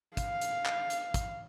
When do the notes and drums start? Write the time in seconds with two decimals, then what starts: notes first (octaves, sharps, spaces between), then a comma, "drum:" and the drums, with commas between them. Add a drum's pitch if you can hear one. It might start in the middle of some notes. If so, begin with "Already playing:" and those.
0.17 F5, drum: kick, hi-hat
0.41 drum: hi-hat
0.66 drum: clap
0.90 drum: hi-hat
1.14 drum: kick, hi-hat